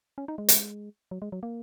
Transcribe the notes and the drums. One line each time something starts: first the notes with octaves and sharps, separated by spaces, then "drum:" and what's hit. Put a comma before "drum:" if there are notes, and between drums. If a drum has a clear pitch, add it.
C#4
D#4
G#3
drum: hi-hat
F#3
G#3
F#3
A#3